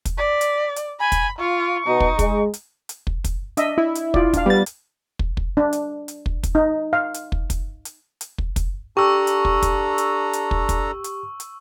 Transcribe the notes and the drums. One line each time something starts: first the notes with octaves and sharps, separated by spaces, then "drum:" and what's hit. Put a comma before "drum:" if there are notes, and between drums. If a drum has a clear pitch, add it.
drum: kick, hi-hat
D5 B6
drum: hi-hat
drum: hi-hat
G#5 B5
drum: kick, hi-hat
F4 C#6
B2 D#4
drum: kick
G#3, drum: kick, hi-hat
drum: hi-hat
drum: hi-hat
drum: kick
drum: kick, hi-hat
D4 D#5 E5, drum: hi-hat
E4
drum: hi-hat
F4 D5, drum: kick
D4 F5, drum: kick, hi-hat
G3 B3 A6
drum: hi-hat
drum: kick
drum: kick
D4
drum: hi-hat
drum: hi-hat
drum: kick
drum: kick, hi-hat
D#4
F5
drum: hi-hat
drum: kick
drum: kick, hi-hat
drum: hi-hat
drum: hi-hat
drum: kick
drum: kick, hi-hat
D4 G4 A4 A#5 C#6 E6
drum: hi-hat
drum: kick
drum: kick, hi-hat
drum: hi-hat
drum: hi-hat
drum: kick
drum: kick, hi-hat
drum: hi-hat
drum: hi-hat